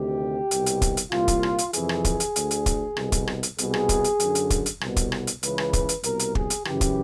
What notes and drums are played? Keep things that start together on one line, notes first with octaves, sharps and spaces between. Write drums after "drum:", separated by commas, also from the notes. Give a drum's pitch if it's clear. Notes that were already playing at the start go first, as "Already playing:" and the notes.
Already playing: D2 C3 D#3 G4
C2 B2, drum: hi-hat
drum: hi-hat
drum: kick, hi-hat
drum: hi-hat
C2 A#2 F4, drum: rim click
drum: kick, hi-hat
drum: rim click
drum: hi-hat
F2 C3 E3 G#4, drum: hi-hat
drum: rim click
drum: kick, hi-hat
drum: hi-hat
D2 D3, drum: hi-hat
drum: hi-hat
drum: kick, hi-hat
C2 B2, drum: rim click
drum: kick, hi-hat
drum: rim click
drum: hi-hat
C2 B2 G#4, drum: hi-hat
drum: rim click
drum: kick, hi-hat
drum: hi-hat
F#2 D3, drum: hi-hat
drum: hi-hat
drum: kick, hi-hat
drum: hi-hat
C2 B2, drum: rim click
drum: kick, hi-hat
drum: rim click
drum: hi-hat
C#2 C#3 E3 B4, drum: hi-hat
drum: rim click
drum: kick, hi-hat
drum: hi-hat
C2 B2 A#4, drum: hi-hat
drum: hi-hat
G#4, drum: kick
drum: hi-hat
F#2 C#3 E3 G4, drum: rim click
drum: kick, hi-hat